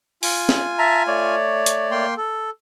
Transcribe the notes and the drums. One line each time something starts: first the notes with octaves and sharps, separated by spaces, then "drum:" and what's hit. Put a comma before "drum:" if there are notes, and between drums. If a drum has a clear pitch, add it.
F4 G#5, drum: open hi-hat
drum: snare
E5 A5 A#5
A3 C#5 D5
drum: hi-hat
A#3 G5 C6
A4